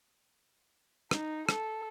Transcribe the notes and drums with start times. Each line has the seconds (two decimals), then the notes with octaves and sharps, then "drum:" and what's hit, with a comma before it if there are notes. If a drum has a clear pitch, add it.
1.11 D#4, drum: rim click
1.49 A4, drum: rim click